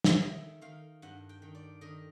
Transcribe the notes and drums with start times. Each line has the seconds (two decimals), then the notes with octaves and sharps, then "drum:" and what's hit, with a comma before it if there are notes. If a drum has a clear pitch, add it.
0.04 drum: snare
0.13 D#5
0.22 D#3 E5
0.61 D#3 F5
1.02 G2 F#5
1.29 G5
1.42 D#3
1.55 D5
1.81 D#3 D#5